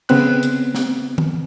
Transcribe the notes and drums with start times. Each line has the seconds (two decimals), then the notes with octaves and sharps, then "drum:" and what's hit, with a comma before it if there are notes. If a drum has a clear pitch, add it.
0.09 C#3 B3 C4 F#6, drum: cymbal
0.43 drum: hi-hat
0.75 drum: snare
1.18 drum: tom D#3